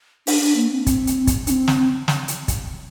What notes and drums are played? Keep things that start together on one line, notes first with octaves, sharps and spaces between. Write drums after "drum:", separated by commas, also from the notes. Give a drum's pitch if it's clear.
D4, drum: open hi-hat
D4
A#3
C4
C4, drum: kick, hi-hat
drum: hi-hat
drum: kick, hi-hat
D4, drum: hi-hat
C4
drum: snare
drum: snare
drum: hi-hat
drum: kick, hi-hat